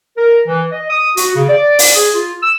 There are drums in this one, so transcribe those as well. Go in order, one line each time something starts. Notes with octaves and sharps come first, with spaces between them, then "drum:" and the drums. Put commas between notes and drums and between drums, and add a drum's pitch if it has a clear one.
A#4
E3
D#5
D#6
F#4, drum: hi-hat
C#3
D5
drum: open hi-hat
G#4
F4
E6